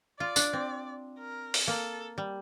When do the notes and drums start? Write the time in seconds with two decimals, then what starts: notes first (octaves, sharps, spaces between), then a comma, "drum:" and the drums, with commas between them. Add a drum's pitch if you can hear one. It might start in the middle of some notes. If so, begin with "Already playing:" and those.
0.20 F4 D5
0.36 D4, drum: tambourine
0.53 C4
1.19 A#4
1.54 drum: open hi-hat
1.68 A#3 A4
2.18 G3